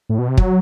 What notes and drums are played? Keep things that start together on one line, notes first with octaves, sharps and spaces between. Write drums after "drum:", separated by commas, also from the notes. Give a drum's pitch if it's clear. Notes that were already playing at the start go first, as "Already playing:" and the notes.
A2
B2
C3
F#3, drum: kick